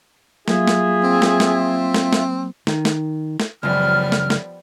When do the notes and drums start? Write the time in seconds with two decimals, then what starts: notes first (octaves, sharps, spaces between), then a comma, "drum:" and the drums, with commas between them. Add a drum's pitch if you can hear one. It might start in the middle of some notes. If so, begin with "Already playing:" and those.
0.48 F#3 A#3 F4 G#4 E5, drum: snare
0.67 drum: snare
1.04 C4
1.22 drum: snare
1.40 drum: snare
1.94 drum: snare
2.13 drum: snare
2.67 D#3, drum: snare
2.85 drum: snare
3.40 drum: snare
3.63 C#2 F#2 F3 G3 B3 F6
4.12 drum: snare
4.30 drum: snare